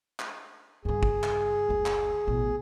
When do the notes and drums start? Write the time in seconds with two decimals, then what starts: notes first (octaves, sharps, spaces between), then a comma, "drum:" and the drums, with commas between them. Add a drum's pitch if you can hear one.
0.19 drum: clap
0.85 G2 C#3 G#4
1.03 drum: kick
1.23 drum: clap
1.68 F#1 D2
1.86 drum: clap
2.27 A1 B2